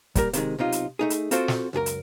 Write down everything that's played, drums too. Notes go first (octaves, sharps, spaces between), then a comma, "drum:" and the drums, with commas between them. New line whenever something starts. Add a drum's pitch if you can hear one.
A#2 G3 A#4, drum: kick, hi-hat
C3 D#3 G#3, drum: hi-hat
B1 C3 D#4 F4
drum: hi-hat
A3 D#4 G#4
drum: hi-hat
C4 F4 F#4 A4 C5, drum: hi-hat
drum: snare
C#2 F#2 G#4 A#4
drum: hi-hat